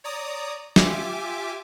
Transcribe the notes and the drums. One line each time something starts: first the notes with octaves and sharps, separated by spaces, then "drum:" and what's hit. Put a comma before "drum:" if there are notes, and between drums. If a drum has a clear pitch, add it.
C#5 D5 A#5 D#6
F4 G4 E5 G#5 D6, drum: snare